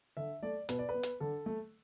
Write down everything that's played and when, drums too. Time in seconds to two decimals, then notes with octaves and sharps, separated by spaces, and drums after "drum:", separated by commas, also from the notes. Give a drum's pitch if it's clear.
0.17 D3 E5
0.43 A3 D5
0.69 B2 B4, drum: hi-hat
0.79 D5
0.89 B4
0.94 B3
1.03 drum: hi-hat
1.20 D3 A4
1.46 A3